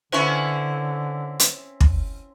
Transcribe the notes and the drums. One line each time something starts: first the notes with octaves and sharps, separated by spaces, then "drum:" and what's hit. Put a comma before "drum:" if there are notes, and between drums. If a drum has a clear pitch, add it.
D3 C4 C#4 E4 B4 C#6
drum: hi-hat
drum: kick